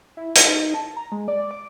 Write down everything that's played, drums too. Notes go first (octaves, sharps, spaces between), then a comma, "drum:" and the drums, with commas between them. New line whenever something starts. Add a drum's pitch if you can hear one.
E4
A5, drum: hi-hat
D#4
A5
A#5
G#3
D5
D6